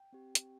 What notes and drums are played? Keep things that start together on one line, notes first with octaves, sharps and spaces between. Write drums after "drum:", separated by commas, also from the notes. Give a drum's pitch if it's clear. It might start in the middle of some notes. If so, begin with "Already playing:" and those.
Already playing: G5
C4 G4
drum: hi-hat